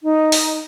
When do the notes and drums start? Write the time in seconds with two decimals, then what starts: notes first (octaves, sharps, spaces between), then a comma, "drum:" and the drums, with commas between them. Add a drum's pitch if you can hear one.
0.03 D#4
0.32 drum: open hi-hat